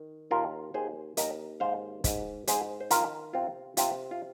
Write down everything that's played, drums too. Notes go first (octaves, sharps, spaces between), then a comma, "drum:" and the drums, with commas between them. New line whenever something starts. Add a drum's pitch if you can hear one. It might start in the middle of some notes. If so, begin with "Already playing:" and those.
Already playing: D#3
D#2 F4 A#4
D#2 G#4 C5
D#2 A#4 D#5, drum: hi-hat
G#2 C5 F5
G#2, drum: kick, hi-hat
G#2 G#4 C5, drum: hi-hat
C5
D#3 F4 A#4, drum: hi-hat
C3 C4 F4
C3 C4 F4, drum: hi-hat
F4